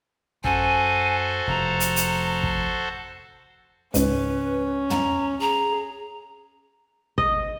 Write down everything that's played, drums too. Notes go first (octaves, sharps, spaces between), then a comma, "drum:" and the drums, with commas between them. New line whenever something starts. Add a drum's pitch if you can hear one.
F#2 F#4 A4 C5 G#5, drum: kick
F1 A#5
drum: hi-hat
drum: hi-hat
drum: kick
C#2 G#2 C#4 B4, drum: hi-hat
A#5, drum: tom
G#4 A#5
D#5, drum: kick